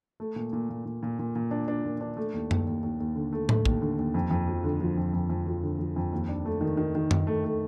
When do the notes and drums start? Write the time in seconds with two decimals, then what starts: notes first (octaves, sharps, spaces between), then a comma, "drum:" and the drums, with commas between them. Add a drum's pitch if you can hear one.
0.20 A3
0.36 A#2
0.53 A#2
0.70 A#2
0.85 A#2
1.03 A#2
1.19 A#2
1.35 A#2
1.51 D4
1.68 D4
1.85 A#2
2.01 D4
2.17 A3
2.34 D#2
2.51 D#2, drum: tom F#2
2.67 D#2
2.83 D#2
3.00 D#2
3.16 D3
3.33 A3
3.49 A3, drum: tom A2
3.65 D#2, drum: kick
3.82 D3
3.99 D#2
4.14 F2
4.31 F2
4.48 F3
4.64 D3
4.81 F3
4.97 F2
5.13 F2
5.29 F2
5.46 F3
5.63 D3
5.79 F3
5.96 F2
6.13 D#2
6.29 D4
6.45 A3
6.61 D#3
6.77 D#3
6.95 D#3
7.11 D#3, drum: tom F#2
7.27 A3
7.44 A3